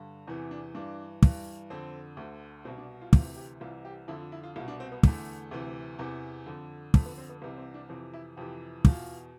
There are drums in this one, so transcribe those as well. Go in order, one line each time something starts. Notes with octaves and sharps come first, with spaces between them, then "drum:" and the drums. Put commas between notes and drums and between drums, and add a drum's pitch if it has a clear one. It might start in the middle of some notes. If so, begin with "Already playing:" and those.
Already playing: G2 D3
E2 C3 E3
D4
G2 E3 D4
G2 E3, drum: kick
F2 D3 C4
D2 D3
C2 B2 C4
D4
F4
D2 C3 E3 F4, drum: kick
G4
C2 C3 E3 F4
G4
F2 D3 E4
F4
E4
F4
C2 B2 F4
D4
C4
B3
E2 D3 A3, drum: kick
D2 C3 E3
E2 C3 E3
F2 D3
F2 D3 A3, drum: kick
B3
C4
B3
C2 C3 E3 B3
C4
D4
F2 C3 E3 C4
E4
F2 C3 E3 G4
E2 B2 F4, drum: kick